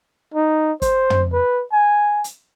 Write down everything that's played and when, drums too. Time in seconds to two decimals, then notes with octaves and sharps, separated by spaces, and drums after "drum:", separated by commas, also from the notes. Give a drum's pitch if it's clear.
0.34 D#4
0.82 C5, drum: kick, hi-hat
1.10 drum: tom
1.33 B4
1.73 G#5
2.24 drum: hi-hat